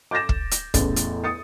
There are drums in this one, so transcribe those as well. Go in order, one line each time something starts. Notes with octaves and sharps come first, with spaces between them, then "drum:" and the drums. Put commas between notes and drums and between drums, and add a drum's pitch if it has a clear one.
D6 G6 A6 A#6 E7
drum: kick
drum: hi-hat
A1 E2 A2 A6, drum: kick, hi-hat
drum: hi-hat
D#6 A6 C#7